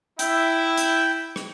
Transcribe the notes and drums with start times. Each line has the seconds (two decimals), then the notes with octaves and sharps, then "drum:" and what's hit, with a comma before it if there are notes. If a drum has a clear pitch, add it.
0.19 E4 G5, drum: hi-hat
0.78 drum: hi-hat
1.36 drum: rim click